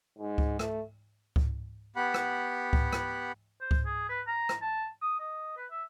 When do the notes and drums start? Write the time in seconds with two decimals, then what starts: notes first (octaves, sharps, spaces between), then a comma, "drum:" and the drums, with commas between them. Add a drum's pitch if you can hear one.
0.18 G#2
0.38 drum: kick C#2
0.59 A3, drum: rim click
1.36 drum: kick C#2
1.96 B3 G4 F#5 B5
2.14 drum: rim click
2.73 drum: kick C#2
2.93 drum: rim click
3.61 C5
3.71 drum: kick C#2
3.86 G#4
4.09 B4
4.28 A#5
4.49 drum: rim click
4.62 A5
5.02 D#6
5.19 D#5
5.57 B4
5.71 E5